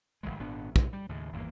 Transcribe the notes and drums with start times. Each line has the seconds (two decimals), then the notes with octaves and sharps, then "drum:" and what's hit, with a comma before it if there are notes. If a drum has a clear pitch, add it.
0.23 F1 D2 E3 G#3
0.39 G#1 A#2 B3 D4
0.76 C2 G#3, drum: kick
0.93 G3
1.09 D#2 A2 C#3
1.32 G#1 E2 G2 A#3